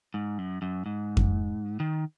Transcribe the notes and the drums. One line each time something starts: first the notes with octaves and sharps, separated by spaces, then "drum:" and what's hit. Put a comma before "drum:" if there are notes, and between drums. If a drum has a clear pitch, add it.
G#2
F#2
F#2
G#2
drum: kick F2
D#3